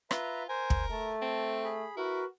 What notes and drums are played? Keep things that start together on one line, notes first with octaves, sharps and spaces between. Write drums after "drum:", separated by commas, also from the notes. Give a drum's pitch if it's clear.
F4 B4 E5 A#5, drum: rim click
A#4 C5 G#5
drum: kick
A3 A5
C4
G#4 B5
E4 F#4 A#4 B4